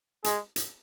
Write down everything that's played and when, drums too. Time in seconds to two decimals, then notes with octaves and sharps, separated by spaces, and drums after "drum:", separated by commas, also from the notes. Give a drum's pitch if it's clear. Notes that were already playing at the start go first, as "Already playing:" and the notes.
0.24 G#3 G#4, drum: hi-hat
0.56 drum: hi-hat